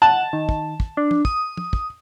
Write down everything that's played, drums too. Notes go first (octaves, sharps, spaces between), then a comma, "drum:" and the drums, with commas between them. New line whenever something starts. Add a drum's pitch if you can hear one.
F#5 A5
D#3
drum: kick
drum: kick
D4
drum: tom
D#6, drum: kick
drum: tom
drum: kick